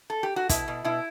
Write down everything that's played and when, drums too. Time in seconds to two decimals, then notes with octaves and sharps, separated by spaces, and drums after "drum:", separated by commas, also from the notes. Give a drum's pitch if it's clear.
0.10 A4
0.23 G4
0.36 F#4
0.49 B2 E4, drum: kick, hi-hat
0.68 B2
0.84 B2 E4